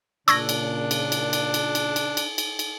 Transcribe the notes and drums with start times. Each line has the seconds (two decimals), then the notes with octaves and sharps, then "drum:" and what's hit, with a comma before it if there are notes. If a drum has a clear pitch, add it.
0.28 A#2 C#3 D4 C#6 E6 G#6 A#6, drum: cymbal
0.49 drum: cymbal
0.91 drum: cymbal
1.12 drum: cymbal
1.33 drum: cymbal
1.54 drum: cymbal
1.75 drum: cymbal
1.96 drum: cymbal
2.17 drum: cymbal
2.38 drum: cymbal
2.59 drum: cymbal